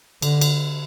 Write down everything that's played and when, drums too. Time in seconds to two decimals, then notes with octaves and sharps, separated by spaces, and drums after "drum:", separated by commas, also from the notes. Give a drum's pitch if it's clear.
0.22 D3, drum: cymbal
0.41 drum: cymbal